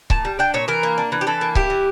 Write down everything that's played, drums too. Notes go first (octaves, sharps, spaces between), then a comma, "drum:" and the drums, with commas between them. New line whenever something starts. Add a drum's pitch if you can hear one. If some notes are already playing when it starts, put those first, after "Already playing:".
A#2 A5, drum: kick C#1
G3
D4 G5
A#2 C#5
E3 A#4
A#3
D4
E3
G4
E3 A4
A#3
E4 G4, drum: kick C#1
E3